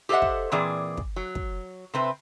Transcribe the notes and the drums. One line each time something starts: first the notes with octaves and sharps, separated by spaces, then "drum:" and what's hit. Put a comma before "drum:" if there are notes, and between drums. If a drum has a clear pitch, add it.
G4 A4 C5 D#5 E5 F#5
drum: kick
A#2 E3 C4 G#4 D5
drum: kick
F#3
drum: kick
C3 C4 B4